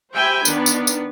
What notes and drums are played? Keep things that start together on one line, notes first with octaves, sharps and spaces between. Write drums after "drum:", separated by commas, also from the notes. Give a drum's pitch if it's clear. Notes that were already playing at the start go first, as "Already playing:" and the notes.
G4 C5 E5 G5 G#5 B5
D#3 B3 D4, drum: tambourine
drum: tambourine
drum: tambourine